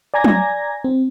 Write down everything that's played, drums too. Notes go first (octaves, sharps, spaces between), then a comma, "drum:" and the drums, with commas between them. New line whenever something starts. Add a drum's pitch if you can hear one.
D5 G#5 A#5 G#6 A#6
drum: tom
C4